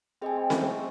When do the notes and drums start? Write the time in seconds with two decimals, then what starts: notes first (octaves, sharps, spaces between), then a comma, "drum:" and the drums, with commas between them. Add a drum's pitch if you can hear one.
0.21 C4 G#4 D#5 G#5
0.36 C4
0.50 A3, drum: snare C4